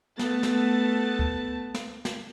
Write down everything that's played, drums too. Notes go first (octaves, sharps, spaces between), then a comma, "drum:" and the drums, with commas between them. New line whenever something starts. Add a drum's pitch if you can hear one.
A3 B3 A5, drum: snare
drum: snare
drum: kick C#2
drum: snare
drum: snare